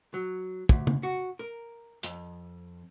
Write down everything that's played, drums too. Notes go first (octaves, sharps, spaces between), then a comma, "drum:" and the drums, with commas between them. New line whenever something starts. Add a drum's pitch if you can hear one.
F#3
D2, drum: kick
drum: tom C#3
F#4
A#4
F2, drum: hi-hat